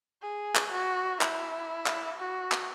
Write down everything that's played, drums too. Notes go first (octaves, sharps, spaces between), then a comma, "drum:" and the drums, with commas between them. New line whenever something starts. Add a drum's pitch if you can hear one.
G#4
drum: clap
F#4
E4, drum: clap
drum: clap
F#4
drum: clap